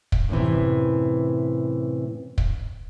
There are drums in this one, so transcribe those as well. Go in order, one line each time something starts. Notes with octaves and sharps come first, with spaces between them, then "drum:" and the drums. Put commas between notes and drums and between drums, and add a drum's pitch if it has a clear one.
drum: kick
F#2 A2 C3 E3
drum: kick